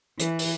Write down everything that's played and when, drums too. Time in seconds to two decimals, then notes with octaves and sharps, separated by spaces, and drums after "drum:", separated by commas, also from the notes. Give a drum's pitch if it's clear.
0.19 E3, drum: hi-hat
0.39 drum: open hi-hat